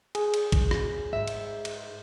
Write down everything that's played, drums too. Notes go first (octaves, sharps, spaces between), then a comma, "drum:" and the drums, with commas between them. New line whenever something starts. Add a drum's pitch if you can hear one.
G#4, drum: cymbal
drum: cymbal
drum: kick, cymbal
drum: rim click
G#2 E5
drum: cymbal
drum: cymbal